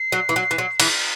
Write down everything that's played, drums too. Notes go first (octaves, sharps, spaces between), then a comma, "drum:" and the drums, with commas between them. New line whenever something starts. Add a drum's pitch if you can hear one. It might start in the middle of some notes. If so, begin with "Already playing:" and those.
Already playing: C7
F#3
E3
F#3
E3
F#3
E3, drum: cymbal